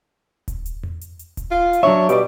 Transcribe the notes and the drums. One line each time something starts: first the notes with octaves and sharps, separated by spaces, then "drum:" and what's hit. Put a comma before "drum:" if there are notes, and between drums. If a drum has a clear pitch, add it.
drum: kick D#1, hi-hat
drum: hi-hat
drum: tom E2
drum: hi-hat
drum: hi-hat
drum: kick D#1, hi-hat
F4
drum: hi-hat
F#3 D4 C#5 E5
B2 G4 D5, drum: hi-hat